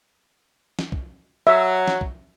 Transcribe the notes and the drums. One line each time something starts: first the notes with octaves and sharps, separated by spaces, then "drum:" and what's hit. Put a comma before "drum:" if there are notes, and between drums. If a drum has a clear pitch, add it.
drum: snare
drum: kick
F#3 E5
drum: snare
drum: kick